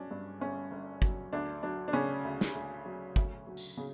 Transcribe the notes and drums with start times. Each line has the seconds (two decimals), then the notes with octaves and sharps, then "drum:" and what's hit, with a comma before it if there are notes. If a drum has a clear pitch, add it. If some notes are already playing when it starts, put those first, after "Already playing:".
Already playing: G1 F#3 C#4 D4
0.11 G2
0.40 G1 C#4
0.71 G1
1.02 F#3, drum: kick
1.33 D2 D4
1.63 F#3 D4
1.88 D4
1.93 C#3 C#4
2.24 D2
2.41 drum: snare
2.55 D2
2.86 F#3
3.16 D2, drum: kick
3.47 F#3
3.57 drum: tambourine
3.77 C#3